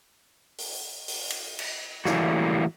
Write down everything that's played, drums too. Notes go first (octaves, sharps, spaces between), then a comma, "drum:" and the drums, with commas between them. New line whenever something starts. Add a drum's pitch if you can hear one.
drum: open hi-hat
drum: open hi-hat
drum: cymbal
drum: cymbal
A2 E3 G3 A#3 F#4, drum: snare